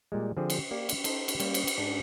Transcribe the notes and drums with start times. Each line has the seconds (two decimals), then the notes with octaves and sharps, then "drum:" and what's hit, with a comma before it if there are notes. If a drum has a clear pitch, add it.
0.12 A#2 G3 G#3
0.37 D3 F3 C4 G4 G#4 C5
0.50 drum: cymbal
0.71 A#3 G4 D5
0.89 drum: cymbal
1.04 D#4 A4 C5, drum: cymbal
1.28 drum: cymbal
1.40 G3 A#3 C#5, drum: cymbal
1.54 drum: cymbal
1.67 drum: cymbal
1.77 G#2 D4 G#4